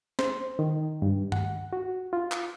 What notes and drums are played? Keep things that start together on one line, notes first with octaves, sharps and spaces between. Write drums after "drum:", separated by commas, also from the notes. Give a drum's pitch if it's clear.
C5, drum: snare
D#3
G2
F#5, drum: tom G2
F#4
F4
drum: clap